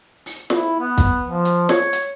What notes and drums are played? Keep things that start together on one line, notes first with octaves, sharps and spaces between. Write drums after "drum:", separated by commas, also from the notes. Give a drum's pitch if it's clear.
drum: open hi-hat
E4, drum: snare
B3
drum: kick, hi-hat
F3
drum: hi-hat
C#5, drum: snare
drum: hi-hat